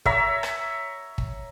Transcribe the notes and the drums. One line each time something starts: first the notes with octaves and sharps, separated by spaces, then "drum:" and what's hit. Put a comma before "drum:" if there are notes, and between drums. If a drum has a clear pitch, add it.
C#5 E5 A#5, drum: kick
drum: rim click
drum: kick